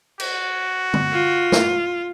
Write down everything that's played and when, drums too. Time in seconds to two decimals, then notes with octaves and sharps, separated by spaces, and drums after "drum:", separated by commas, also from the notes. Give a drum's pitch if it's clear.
0.20 F#4, drum: cymbal
0.94 drum: tom D3
1.13 F4
1.52 drum: snare